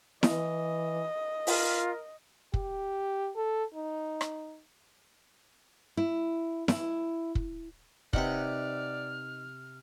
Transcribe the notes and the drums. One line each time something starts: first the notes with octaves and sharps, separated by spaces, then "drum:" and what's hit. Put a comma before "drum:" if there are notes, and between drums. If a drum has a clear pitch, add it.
E3 D#5, drum: snare E4
F4 A#4, drum: open hi-hat
G4, drum: kick
A4
D#4
drum: rim click
E4
E4, drum: snare E4
drum: kick
C3 D#4 B4 D5 F#5 F6, drum: kick